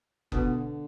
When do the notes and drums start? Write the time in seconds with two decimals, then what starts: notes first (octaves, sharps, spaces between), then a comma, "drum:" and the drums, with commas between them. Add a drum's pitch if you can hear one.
0.32 B2 D3, drum: kick F#1